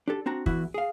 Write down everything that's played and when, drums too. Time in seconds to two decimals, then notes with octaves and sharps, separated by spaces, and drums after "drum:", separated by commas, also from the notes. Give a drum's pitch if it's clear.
0.08 D4 G4 A4
0.26 C4 D4 F#4 A#5
0.46 E2 E3 E4 F#4, drum: kick
0.74 G#4 F5